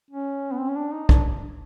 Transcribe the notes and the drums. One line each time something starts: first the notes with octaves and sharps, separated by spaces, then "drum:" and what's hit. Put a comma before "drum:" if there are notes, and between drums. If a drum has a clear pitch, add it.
C#4
B3
C4
C#4
D4
D#4
D4, drum: kick